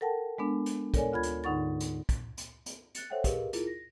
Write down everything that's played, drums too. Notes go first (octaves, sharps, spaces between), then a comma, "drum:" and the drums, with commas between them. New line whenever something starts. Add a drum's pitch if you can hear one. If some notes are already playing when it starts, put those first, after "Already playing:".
A4 A#4 F#5 G5 A5
G#3 B3 D4
drum: hi-hat
A4 A#4 C#5 D5 G#5, drum: kick, hi-hat
D2 F4 B5 G#6
drum: hi-hat
G#2 D3 D#4 F#5 C#6 A6
drum: hi-hat
drum: kick, hi-hat
drum: hi-hat
drum: hi-hat
F#6 A6 C#7, drum: hi-hat
A4 C5 C#5 E5 F#5 G5
G4 G#4 A#4 B4 D#5 F5, drum: kick, hi-hat
E4 F4 G#4 A#4, drum: hi-hat
A#6